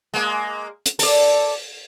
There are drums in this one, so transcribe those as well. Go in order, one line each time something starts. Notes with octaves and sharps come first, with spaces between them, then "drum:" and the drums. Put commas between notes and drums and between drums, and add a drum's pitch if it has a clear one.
G#3 A#3
drum: hi-hat
A4 D5, drum: open hi-hat